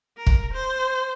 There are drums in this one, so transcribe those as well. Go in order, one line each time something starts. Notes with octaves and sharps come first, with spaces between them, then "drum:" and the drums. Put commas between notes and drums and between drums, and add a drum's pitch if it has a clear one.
A#4
drum: kick
C5